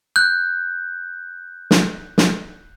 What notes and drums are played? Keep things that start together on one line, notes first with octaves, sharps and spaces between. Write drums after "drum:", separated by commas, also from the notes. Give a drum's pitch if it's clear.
F#6 G6
drum: snare
drum: snare